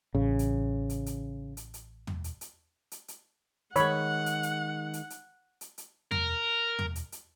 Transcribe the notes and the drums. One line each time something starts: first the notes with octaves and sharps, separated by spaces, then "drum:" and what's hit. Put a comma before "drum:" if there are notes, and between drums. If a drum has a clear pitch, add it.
A1 C#3
drum: hi-hat
drum: hi-hat
drum: hi-hat
drum: hi-hat
drum: hi-hat
drum: tom
drum: hi-hat
drum: hi-hat
drum: hi-hat
drum: hi-hat
D#3 G#3 C#5 F#5 B5, drum: hi-hat
drum: hi-hat
drum: hi-hat
drum: hi-hat
drum: hi-hat
drum: hi-hat
drum: hi-hat
A#4, drum: tom
drum: tom
drum: hi-hat
drum: hi-hat